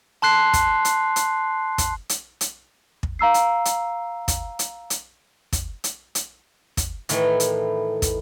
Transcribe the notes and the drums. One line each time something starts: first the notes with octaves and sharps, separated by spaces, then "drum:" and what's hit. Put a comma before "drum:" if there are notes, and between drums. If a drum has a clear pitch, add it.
A5 C6 F#6 C7
drum: kick, hi-hat
drum: hi-hat
drum: hi-hat
drum: kick, hi-hat
drum: hi-hat
drum: hi-hat
drum: kick
F5 A#5 E6 C7
drum: hi-hat
drum: hi-hat
drum: kick, hi-hat
drum: hi-hat
drum: hi-hat
drum: kick, hi-hat
drum: hi-hat
drum: hi-hat
drum: kick, hi-hat
A2 D#3 E3 A3, drum: hi-hat
drum: hi-hat
drum: kick, hi-hat